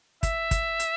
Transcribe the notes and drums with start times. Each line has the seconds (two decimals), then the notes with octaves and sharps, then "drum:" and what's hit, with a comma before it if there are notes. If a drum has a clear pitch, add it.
0.23 E5, drum: kick, hi-hat
0.51 drum: kick, hi-hat
0.80 drum: hi-hat